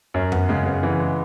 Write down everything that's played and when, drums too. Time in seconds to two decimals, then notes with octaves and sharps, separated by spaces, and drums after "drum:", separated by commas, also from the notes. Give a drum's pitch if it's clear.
0.14 F#2 C#4
0.32 B3, drum: tom F2
0.49 C#3 G#3
0.66 B3
0.83 E3 B3
1.00 G#3